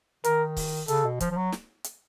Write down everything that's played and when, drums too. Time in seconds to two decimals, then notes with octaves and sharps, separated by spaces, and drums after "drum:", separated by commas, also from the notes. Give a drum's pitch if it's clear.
0.24 D#3 A#4, drum: hi-hat
0.57 drum: kick C#1, open hi-hat
0.88 C#3 A4, drum: hi-hat
1.05 B2
1.20 F3, drum: kick C#1, hi-hat
1.31 F3
1.36 F#3
1.52 drum: snare
1.84 drum: hi-hat